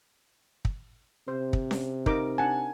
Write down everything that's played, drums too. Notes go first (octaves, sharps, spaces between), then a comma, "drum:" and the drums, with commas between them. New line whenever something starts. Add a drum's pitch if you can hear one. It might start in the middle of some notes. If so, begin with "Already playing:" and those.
drum: kick
C3 C5
drum: kick
drum: snare C#4
D#4 A#4 D6, drum: kick
D4 F#5 G#5 A5